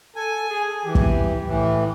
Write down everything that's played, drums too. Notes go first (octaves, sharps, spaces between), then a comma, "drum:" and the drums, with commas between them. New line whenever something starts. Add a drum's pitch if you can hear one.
A4 G#5
G#4
E3 G4
drum: kick
A2 E3